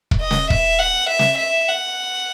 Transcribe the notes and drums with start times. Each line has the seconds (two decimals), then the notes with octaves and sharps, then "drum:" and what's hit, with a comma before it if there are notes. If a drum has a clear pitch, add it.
0.11 drum: kick
0.21 D#5
0.31 drum: snare
0.50 E5, drum: kick
0.79 F#5
1.09 E5
1.19 drum: snare
1.38 E5
1.68 F#5